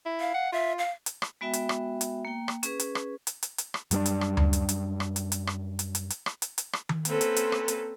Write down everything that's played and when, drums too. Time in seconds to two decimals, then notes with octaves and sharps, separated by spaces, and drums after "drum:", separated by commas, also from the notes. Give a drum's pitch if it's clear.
0.06 E4
0.20 F5
0.34 F#5
0.52 F4 E5
0.79 F5
1.06 drum: hi-hat
1.22 drum: rim click
1.41 G#3 B3 F#4 E5 G5
1.53 drum: hi-hat
1.69 drum: rim click
2.01 drum: hi-hat
2.25 A#3 G5
2.48 drum: rim click
2.63 C#4 G#4 B4, drum: hi-hat
2.79 drum: hi-hat
2.95 drum: rim click
3.27 drum: hi-hat
3.43 drum: hi-hat
3.58 drum: hi-hat
3.74 drum: rim click
3.91 F#2 G3 A3 D4, drum: hi-hat
4.06 drum: hi-hat
4.21 drum: rim click
4.37 drum: tom D2
4.53 drum: hi-hat
4.69 drum: hi-hat
5.00 drum: rim click
5.16 drum: hi-hat
5.32 drum: hi-hat
5.47 drum: rim click
5.79 drum: hi-hat
5.95 drum: hi-hat
6.10 drum: hi-hat
6.26 drum: rim click
6.42 drum: hi-hat
6.58 drum: hi-hat
6.73 drum: rim click
6.89 drum: tom D#3
7.05 A#3 C4 C#4 A4 B4 C5, drum: hi-hat
7.21 drum: hi-hat
7.36 drum: hi-hat
7.52 drum: rim click
7.68 drum: hi-hat